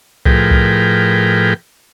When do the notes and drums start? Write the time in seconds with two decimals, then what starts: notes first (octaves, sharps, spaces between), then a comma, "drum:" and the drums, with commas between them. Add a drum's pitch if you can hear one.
0.26 A2 F3 G#4 A#4 B4 G5, drum: kick C2
0.51 drum: kick C2